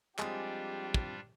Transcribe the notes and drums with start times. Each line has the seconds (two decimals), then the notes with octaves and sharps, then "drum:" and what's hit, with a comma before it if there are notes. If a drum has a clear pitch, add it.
0.19 F3 G3 G#3 C4 D4 F4 G4, drum: clap
0.94 drum: kick